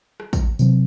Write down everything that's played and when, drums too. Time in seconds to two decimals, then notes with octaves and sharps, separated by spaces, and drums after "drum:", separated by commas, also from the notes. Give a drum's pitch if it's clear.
0.20 drum: rim click
0.33 drum: kick, tambourine
0.59 C3 F#3 C4, drum: tambourine